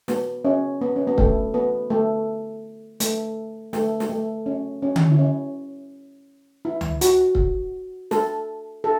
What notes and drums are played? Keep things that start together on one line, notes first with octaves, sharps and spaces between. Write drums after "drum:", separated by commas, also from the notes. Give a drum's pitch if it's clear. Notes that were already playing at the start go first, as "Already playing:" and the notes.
B3, drum: snare
C#4
B3
C#4
B3
A3, drum: kick C#1
B3
A3
A3, drum: hi-hat
A3, drum: snare
drum: snare
A3
C#4
C#4
drum: tom D3
E4
C#4
E4
drum: tom C#2
F#4, drum: hi-hat
drum: kick C#1
A4, drum: snare
A4